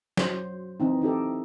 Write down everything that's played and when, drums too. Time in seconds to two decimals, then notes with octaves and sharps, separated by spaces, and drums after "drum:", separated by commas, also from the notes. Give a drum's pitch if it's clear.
0.17 F#3 C5, drum: snare
0.80 E3 C4 D#4
1.02 D#4 E4 G4 A4